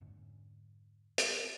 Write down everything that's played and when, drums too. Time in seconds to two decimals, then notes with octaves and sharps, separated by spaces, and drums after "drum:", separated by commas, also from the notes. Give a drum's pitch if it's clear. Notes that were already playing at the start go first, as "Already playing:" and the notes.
0.01 F2 G#2 D3 C#4
1.18 drum: hi-hat